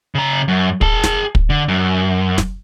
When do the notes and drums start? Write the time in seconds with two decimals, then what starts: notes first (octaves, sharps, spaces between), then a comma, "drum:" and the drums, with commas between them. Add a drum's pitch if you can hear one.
0.15 C#3 A#5
0.48 F#2
0.81 G#4 A5, drum: kick
1.04 drum: snare
1.35 drum: kick
1.50 D3
1.68 F#2
2.38 drum: snare